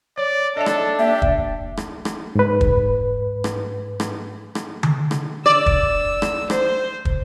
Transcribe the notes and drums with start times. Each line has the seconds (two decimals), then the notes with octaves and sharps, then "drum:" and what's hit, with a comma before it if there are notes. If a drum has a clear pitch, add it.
0.18 C#5 D5
0.57 D4 A4 D#5 E5 A5
0.66 drum: rim click
0.99 A#3 G4 E5
1.22 drum: kick
1.77 drum: rim click
2.05 drum: rim click
2.35 G#2 B4
2.61 drum: kick
3.44 drum: rim click
4.00 drum: rim click
4.55 drum: rim click
4.83 drum: tom D3
5.11 drum: rim click
5.46 D5 E6
5.66 drum: kick
6.22 drum: rim click
6.50 C5, drum: rim click
7.05 drum: kick